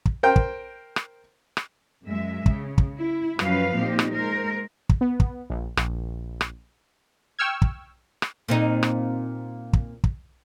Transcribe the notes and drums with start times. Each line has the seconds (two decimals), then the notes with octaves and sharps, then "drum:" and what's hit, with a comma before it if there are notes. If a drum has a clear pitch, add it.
0.06 drum: kick
0.23 A#4 C5 G5
0.36 drum: kick
0.96 drum: rim click
1.57 drum: rim click
2.03 F#2 G#3 E5
2.46 C#3, drum: kick
2.78 drum: kick
2.97 E4
3.39 F#2 F3 F#3 C#4 B4 F5, drum: rim click
3.76 A#2 C4 D#4 G4
3.99 drum: rim click
4.11 G#3 A#4 C5
4.89 drum: kick
5.01 B3
5.20 drum: kick
5.50 A#1
5.77 A#1, drum: rim click
6.41 drum: rim click
7.39 G5 C#6 E6 F6 G#6
7.62 drum: kick
8.22 drum: rim click
8.48 A#2 C4 D#4
8.83 drum: rim click
9.73 drum: kick
10.04 drum: kick